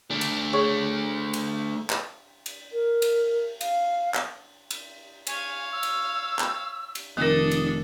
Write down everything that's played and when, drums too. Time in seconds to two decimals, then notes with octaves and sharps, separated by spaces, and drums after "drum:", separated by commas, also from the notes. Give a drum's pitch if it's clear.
0.11 A3 D4
0.21 drum: cymbal
0.53 G#4 C#5 C#6
1.34 drum: cymbal
1.90 drum: clap
2.46 drum: cymbal
2.72 A#4
3.02 drum: cymbal
3.61 F5, drum: cymbal
4.14 drum: clap
4.71 drum: cymbal
5.27 C#5 F5 G#5, drum: cymbal
5.72 E6
5.83 drum: cymbal
6.39 drum: clap
6.95 drum: cymbal
7.17 F1 D#3 D4 A4 A#4 D#6
7.51 drum: cymbal